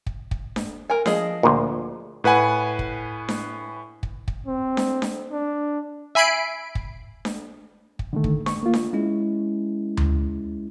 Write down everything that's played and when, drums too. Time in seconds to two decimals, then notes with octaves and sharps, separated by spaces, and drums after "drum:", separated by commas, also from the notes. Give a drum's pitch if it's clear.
0.06 drum: kick
0.31 drum: kick
0.56 drum: snare D4
0.90 A#4 G#5
1.06 F3 G#4 D#5, drum: snare D4
1.43 D2 A#2
2.24 A2 B4 F#5 G#5
2.79 drum: kick
3.29 drum: snare D4
4.03 drum: kick
4.28 drum: kick
4.46 C4
4.77 drum: snare D4
5.02 drum: snare D4
5.31 D4
6.15 E5 G#5 B5 C7 D7
6.75 drum: kick
7.25 drum: snare D4
7.99 drum: kick
8.13 D3 D#3 A3
8.24 drum: kick
8.46 C#6, drum: snare D4
8.63 A#3 F4
8.73 drum: snare D4
8.93 G#3 C#4 E4
9.97 drum: tom D2